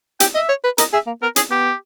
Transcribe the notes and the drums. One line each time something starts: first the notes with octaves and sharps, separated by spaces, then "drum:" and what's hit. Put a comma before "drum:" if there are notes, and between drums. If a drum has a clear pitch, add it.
G4 G5, drum: hi-hat
D#5 E5
C#5
B4
A#4 D#5, drum: hi-hat
G#4 E5
A#3
B3 A#4
C#4 G#4, drum: hi-hat
B3 G4